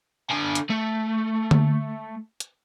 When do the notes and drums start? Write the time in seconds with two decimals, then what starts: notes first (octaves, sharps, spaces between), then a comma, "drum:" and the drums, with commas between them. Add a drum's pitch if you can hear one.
0.30 D3 G#5
0.55 drum: hi-hat
0.70 A3
1.51 drum: tom D3
2.40 drum: hi-hat